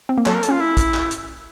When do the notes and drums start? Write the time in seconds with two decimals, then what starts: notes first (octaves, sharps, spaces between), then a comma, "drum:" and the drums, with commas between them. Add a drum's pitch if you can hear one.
0.09 C4
0.18 A#3
0.26 F#3 A4, drum: clap
0.34 A#4
0.43 A4, drum: hi-hat
0.49 C#4 F4
0.60 E4
0.77 drum: kick, hi-hat
0.94 drum: clap
1.11 drum: hi-hat